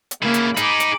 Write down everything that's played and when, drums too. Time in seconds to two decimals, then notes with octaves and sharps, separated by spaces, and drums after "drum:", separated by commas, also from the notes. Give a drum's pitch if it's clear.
0.11 drum: hi-hat
0.22 C#3 A#3 E4
0.34 drum: hi-hat
0.57 D#4 G#4 B5 D6, drum: hi-hat
0.80 drum: hi-hat